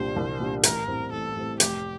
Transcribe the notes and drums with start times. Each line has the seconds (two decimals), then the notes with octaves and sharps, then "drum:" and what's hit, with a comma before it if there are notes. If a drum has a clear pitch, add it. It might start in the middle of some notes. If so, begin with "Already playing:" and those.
Already playing: C2 A#2 G3 D4 G4 C5
0.16 C2
0.40 A#2 G3 D4 G4
0.63 A1 A#4, drum: hi-hat
0.87 A2 G3 C4
1.11 A1 A4
1.36 A2 G3 C4
1.60 F1 G4, drum: hi-hat